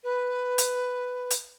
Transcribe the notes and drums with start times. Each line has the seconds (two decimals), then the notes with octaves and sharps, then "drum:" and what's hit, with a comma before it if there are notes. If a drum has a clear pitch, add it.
0.04 B4
0.58 drum: hi-hat
1.30 drum: hi-hat